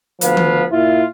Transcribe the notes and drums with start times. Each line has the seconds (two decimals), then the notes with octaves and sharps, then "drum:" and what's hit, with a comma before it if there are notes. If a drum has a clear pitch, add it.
0.21 D2 F3 B3 B4 F5, drum: hi-hat
0.37 drum: tom D#3
0.72 A#2 E4 F4